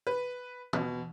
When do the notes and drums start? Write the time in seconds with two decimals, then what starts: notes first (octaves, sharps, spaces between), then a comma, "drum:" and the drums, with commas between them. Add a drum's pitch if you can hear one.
0.07 B4
0.73 B2, drum: tom